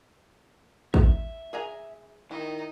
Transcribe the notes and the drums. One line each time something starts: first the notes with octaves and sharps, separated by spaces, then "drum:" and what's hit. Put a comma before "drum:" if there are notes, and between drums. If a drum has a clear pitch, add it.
E5, drum: kick
G#4 G#5 A#5
D#3 D#4 E4